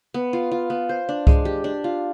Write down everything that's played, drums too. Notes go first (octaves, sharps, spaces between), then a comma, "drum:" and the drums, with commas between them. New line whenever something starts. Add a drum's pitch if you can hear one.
B3
F4
F4
B3
C5
D4
G#3, drum: kick C2
G4
D4
F4